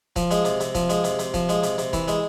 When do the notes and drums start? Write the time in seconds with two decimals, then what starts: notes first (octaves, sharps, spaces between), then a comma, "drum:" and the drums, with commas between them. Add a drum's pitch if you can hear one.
0.16 F3, drum: kick E1, hi-hat
0.31 G#3, drum: hi-hat
0.45 C3, drum: hi-hat
0.60 C3, drum: hi-hat
0.75 F3, drum: kick E1, hi-hat
0.89 G#3, drum: hi-hat
1.04 C3, drum: hi-hat
1.19 C3, drum: hi-hat
1.34 F3, drum: kick E1, hi-hat
1.49 G#3, drum: hi-hat
1.63 C3, drum: hi-hat
1.78 C3, drum: hi-hat
1.93 E3, drum: kick E1, hi-hat
2.08 G#3, drum: hi-hat